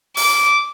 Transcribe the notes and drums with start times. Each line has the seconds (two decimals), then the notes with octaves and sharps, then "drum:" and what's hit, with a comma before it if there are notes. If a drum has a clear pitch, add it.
0.17 D6, drum: open hi-hat